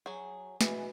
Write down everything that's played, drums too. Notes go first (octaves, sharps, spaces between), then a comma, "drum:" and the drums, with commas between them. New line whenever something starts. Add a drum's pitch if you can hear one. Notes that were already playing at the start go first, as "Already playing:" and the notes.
F#3 G#4
B2 E3 G#4, drum: snare